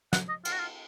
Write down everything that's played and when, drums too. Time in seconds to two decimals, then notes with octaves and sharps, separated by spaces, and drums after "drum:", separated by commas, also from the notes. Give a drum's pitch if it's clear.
0.13 F#5, drum: snare
0.29 D#5
0.45 F4, drum: cymbal
0.53 F#4
0.60 F4